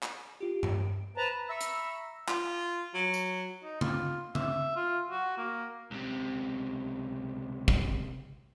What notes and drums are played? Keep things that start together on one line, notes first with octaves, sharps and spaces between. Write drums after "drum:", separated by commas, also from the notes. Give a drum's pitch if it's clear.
drum: clap
F4 G4
D7, drum: tom G2
B4 C5 A5 A#5
E5 A#5 B5 C#6 E6
drum: hi-hat
F4, drum: clap
F#3
drum: tambourine
D#4
F4, drum: tom C#3
E5, drum: tom C#3
F4
F#4
A#3
C#2 C3
drum: kick